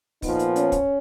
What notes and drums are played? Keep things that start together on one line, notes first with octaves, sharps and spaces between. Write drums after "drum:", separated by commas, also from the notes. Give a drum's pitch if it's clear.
A#2 F3 B3 D#4, drum: kick, open hi-hat
drum: hi-hat
C#4, drum: hi-hat
drum: kick, hi-hat